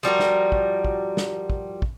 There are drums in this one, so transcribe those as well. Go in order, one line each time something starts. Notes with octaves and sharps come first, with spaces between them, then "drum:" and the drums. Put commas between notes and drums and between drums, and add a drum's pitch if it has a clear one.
F3 G3 F#4 A#4
drum: snare
drum: kick
drum: kick
drum: snare
drum: kick
drum: kick